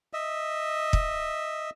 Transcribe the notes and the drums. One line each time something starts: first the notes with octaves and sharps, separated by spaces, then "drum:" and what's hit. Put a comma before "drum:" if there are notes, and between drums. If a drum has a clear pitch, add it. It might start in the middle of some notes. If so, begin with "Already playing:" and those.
D#5 E5
drum: kick